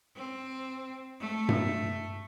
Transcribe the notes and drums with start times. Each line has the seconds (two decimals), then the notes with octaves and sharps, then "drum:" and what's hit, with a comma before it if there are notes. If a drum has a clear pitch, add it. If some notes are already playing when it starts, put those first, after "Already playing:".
0.16 C4
1.19 A3
1.49 drum: tom G2